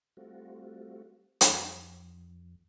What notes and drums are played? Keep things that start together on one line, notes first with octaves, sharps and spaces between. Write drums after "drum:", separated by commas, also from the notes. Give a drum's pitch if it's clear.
G3 A3 C4 F4 F#4
F2, drum: hi-hat